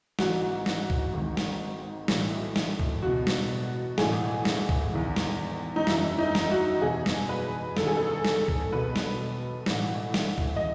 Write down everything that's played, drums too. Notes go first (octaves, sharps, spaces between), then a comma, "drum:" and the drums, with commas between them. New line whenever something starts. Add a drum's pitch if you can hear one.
G#1 G#2 E3 F#4, drum: snare
drum: snare
drum: kick
G#1 G#2 D#3
drum: snare
B1 A2 E3, drum: snare
drum: snare
drum: kick
E2 B2 F#4
drum: snare
A1 A2 E3 G#4, drum: snare
drum: snare
drum: kick
E2 D#3
drum: snare
D#4
F#1 F#2 E3 E4, drum: snare
D#4
drum: snare
F#4
F#1 E2 B2 G#4
drum: snare
B4
E2 D#3 A4, drum: snare
G#4
A4
drum: snare
drum: kick
B1 B2 B4
drum: snare
A1 A2 E3, drum: snare
drum: snare
drum: kick
D#5